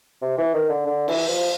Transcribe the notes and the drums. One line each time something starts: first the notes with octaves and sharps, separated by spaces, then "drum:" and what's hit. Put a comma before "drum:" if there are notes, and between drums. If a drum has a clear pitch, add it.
C3
E3
D#3
D3
D3
E3, drum: cymbal
F3